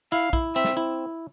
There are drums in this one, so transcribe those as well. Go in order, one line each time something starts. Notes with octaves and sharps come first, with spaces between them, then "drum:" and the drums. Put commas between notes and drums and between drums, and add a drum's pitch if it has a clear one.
E4 F5
E4, drum: kick
C4 E5
drum: snare
E4